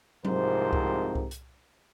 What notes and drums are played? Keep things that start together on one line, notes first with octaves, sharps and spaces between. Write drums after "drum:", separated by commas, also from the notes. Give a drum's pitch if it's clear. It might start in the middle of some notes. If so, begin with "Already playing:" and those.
C2 G#2 C3 F3 A#4 C5, drum: tom F#3
drum: kick C2
drum: kick C2
drum: hi-hat